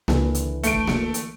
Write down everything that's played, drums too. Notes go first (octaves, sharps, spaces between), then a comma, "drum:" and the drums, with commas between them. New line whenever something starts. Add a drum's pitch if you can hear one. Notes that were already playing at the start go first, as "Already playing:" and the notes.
C#2 D3 E3, drum: snare A#3
drum: hi-hat
A3 D7, drum: hi-hat
drum: kick
drum: snare A#3
drum: hi-hat